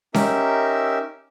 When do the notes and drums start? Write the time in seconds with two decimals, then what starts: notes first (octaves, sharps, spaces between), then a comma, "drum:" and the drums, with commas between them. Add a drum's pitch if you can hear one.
0.14 C#4 D#4 G4 A#4 E5 E6, drum: snare C#4